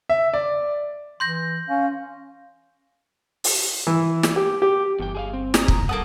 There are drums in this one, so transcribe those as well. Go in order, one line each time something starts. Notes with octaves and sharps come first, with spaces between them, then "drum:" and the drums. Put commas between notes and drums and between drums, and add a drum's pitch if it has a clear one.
E5
D5
E3 C6 G6 A#6
C#4 F5
drum: open hi-hat
E3
drum: snare
G4
G4
G1 E2 G5
G#4 D#5 F5
C4
A#5 D#6, drum: snare
drum: kick
G2 G3 A#3 A4 F#5 A5 D#6